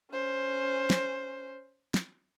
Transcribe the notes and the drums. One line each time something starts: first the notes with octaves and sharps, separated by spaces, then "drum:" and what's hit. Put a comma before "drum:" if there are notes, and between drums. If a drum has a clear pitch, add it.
C#4 C5
drum: snare
drum: snare